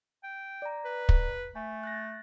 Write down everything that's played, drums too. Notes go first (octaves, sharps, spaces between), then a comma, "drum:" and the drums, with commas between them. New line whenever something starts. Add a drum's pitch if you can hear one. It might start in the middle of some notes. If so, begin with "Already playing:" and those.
G5
D5 A#5
B4
drum: kick
A3 G#5
F#6 A6 A#6